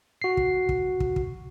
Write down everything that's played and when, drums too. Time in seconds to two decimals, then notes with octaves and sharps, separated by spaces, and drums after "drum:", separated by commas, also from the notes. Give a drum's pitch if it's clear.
0.22 F#4 C7
0.37 drum: kick
0.69 drum: kick
1.00 drum: kick
1.16 drum: kick